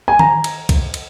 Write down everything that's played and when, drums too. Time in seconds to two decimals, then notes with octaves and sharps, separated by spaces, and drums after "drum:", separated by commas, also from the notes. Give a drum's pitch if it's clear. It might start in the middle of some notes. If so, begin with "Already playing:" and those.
0.08 G#5
0.19 A#5, drum: tom D#3
0.44 drum: cymbal
0.69 drum: kick, cymbal
0.94 drum: cymbal